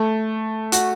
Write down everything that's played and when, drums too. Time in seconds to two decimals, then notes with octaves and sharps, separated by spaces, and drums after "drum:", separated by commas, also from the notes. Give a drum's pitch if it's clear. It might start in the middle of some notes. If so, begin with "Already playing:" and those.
Already playing: A3
0.72 F#4, drum: hi-hat